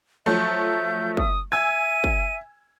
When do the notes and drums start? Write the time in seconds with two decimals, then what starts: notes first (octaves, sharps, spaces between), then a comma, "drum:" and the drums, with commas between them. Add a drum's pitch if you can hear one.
0.26 F3 F#3 A3 E5 G6
1.17 D#6, drum: kick
1.52 E5 G#5 E6 G#6 D#7
2.04 drum: kick